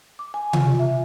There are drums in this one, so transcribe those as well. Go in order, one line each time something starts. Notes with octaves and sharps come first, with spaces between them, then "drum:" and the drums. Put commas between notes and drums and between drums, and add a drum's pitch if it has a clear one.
D6
G#5
F4, drum: tom C3
E5